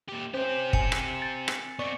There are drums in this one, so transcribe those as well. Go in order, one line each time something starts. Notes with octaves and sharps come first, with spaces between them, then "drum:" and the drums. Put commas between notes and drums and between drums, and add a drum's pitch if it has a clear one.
A#2 G4
C4 C#4 G4 C5
G#5 C#7, drum: kick
drum: rim click
A6
drum: rim click
B3 C4 D5 C#6 C#7